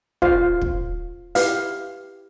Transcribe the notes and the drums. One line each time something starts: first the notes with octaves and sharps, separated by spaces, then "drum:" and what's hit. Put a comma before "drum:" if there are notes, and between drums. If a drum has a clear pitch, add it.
F4 C5 F5, drum: kick
drum: kick
E4 G4 B4 F5, drum: open hi-hat